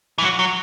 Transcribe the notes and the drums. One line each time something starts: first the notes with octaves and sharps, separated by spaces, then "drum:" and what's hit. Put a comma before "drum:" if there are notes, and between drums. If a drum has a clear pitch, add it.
E3
F#3, drum: tom F#3
F#3